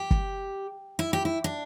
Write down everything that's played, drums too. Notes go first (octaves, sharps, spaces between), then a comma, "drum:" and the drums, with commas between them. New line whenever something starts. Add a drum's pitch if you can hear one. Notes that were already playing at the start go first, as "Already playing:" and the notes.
Already playing: G4
drum: kick
E4
G4
E4
D4